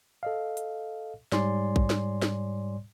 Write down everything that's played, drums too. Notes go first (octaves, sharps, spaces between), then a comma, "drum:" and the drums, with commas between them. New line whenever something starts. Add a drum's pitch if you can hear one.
A4 D#5 F5
drum: hi-hat
G#2 G3 C#5 D5 G#5 C6, drum: snare
drum: kick A#1
drum: snare
drum: snare